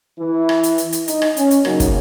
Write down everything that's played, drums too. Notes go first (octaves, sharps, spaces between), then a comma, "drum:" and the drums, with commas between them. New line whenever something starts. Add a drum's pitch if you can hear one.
E3 E4
drum: rim click
drum: hi-hat
drum: hi-hat
drum: hi-hat
D#4, drum: hi-hat
drum: rim click
C#4, drum: hi-hat
drum: hi-hat
F#2 C#3 F#3 A#3 D#4, drum: rim click
drum: kick, hi-hat